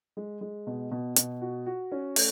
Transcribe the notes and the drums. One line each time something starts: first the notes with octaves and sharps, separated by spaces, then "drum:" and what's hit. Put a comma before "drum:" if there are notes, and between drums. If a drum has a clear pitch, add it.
G#3
G#3
B2
B2
B2, drum: hi-hat
F#4
F#4
C#4
A3, drum: open hi-hat